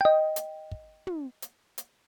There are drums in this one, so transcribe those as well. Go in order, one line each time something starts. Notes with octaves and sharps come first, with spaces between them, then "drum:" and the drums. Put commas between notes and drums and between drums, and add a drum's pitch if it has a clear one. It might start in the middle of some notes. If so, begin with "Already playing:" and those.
D#5 G5
drum: hi-hat
drum: kick
drum: tom
drum: hi-hat
drum: hi-hat